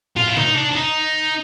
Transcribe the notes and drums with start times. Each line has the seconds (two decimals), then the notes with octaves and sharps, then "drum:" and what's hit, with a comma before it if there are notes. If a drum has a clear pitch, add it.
0.17 F4, drum: tom
0.27 E4
0.37 D#4, drum: tom C3
0.55 D4
0.71 D4
0.76 D#4